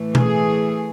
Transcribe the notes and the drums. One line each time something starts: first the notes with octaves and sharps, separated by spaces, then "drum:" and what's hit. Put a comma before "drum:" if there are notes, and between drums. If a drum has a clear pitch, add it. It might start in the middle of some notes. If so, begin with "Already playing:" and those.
Already playing: A2 E3 A3
G#4, drum: tom B2